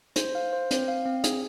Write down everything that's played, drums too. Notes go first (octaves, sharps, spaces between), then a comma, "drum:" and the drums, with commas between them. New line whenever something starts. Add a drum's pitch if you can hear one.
C5, drum: hi-hat
F5
C5
C4, drum: hi-hat
F5
C4
G#4, drum: hi-hat